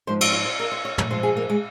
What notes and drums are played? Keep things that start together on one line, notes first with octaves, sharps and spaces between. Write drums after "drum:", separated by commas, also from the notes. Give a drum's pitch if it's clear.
G#2 F3 C5
C#5, drum: cymbal
C#5
C5
A#4
C5
C#5
C#5, drum: tom
G#2 F3 C5
G#4
A#3
G#3